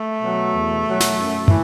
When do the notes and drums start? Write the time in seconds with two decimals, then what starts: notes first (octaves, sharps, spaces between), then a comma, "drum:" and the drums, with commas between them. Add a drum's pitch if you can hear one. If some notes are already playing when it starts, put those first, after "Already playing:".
Already playing: A3
0.20 B2 F#3
0.53 E2
0.84 B2 F#3
1.00 drum: snare
1.16 F#2
1.48 E3, drum: tom